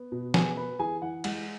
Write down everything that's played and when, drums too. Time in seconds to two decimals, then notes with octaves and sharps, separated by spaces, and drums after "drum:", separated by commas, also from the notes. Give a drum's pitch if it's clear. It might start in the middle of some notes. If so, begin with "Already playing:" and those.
Already playing: B3
0.12 B2
0.34 B3 G#4 G#5, drum: snare
0.57 B3 B4 B5
0.79 E3 G#4 G#5
1.02 E3 F#5
1.24 G#3 F#5, drum: cymbal